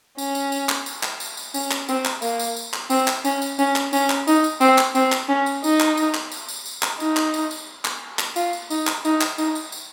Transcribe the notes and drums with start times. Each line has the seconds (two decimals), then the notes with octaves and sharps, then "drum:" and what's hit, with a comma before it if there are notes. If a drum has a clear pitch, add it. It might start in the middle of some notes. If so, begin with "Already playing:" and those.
0.18 C#4, drum: tambourine
0.35 drum: tambourine
0.52 drum: tambourine
0.69 drum: clap
0.86 drum: tambourine
1.03 drum: clap
1.20 drum: tambourine
1.37 drum: tambourine
1.54 C#4, drum: tambourine
1.71 drum: clap
1.89 C4, drum: tambourine
2.05 drum: clap
2.22 A#3, drum: tambourine
2.39 drum: tambourine
2.57 drum: tambourine
2.74 drum: clap
2.90 C4, drum: tambourine
3.08 drum: clap
3.25 C#4, drum: tambourine
3.42 drum: tambourine
3.59 C#4, drum: tambourine
3.76 drum: clap
3.93 C#4, drum: tambourine
4.10 drum: clap
4.28 D#4, drum: tambourine
4.44 drum: tambourine
4.61 C4, drum: tambourine
4.78 drum: clap
4.95 C4, drum: tambourine
5.12 drum: clap
5.29 C#4
5.46 drum: tambourine
5.64 D#4, drum: tambourine
5.80 drum: clap
5.97 drum: tambourine
6.14 drum: clap
6.31 drum: tambourine
6.49 drum: tambourine
6.66 drum: tambourine
6.83 drum: clap
7.00 D#4, drum: tambourine
7.17 drum: clap
7.34 drum: tambourine
7.51 drum: tambourine
7.85 drum: clap
8.19 drum: clap
8.36 F4, drum: tambourine
8.53 drum: tambourine
8.70 D#4, drum: tambourine
8.87 drum: clap
9.05 D#4, drum: tambourine
9.21 drum: clap
9.38 D#4, drum: tambourine
9.55 drum: tambourine
9.72 drum: tambourine